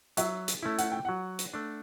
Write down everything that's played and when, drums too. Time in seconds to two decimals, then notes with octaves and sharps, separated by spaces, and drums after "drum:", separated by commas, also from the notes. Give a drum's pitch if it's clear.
0.17 F#3 E5, drum: hi-hat
0.48 drum: hi-hat
0.63 A3 C#4 E4
0.78 F#5, drum: hi-hat
0.92 G5
1.05 F#3 F#5
1.39 drum: hi-hat
1.53 A3 D4